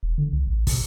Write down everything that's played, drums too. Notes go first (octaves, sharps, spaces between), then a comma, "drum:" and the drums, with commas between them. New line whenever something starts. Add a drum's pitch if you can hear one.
E1
D3
C#2
A1
B2, drum: kick, open hi-hat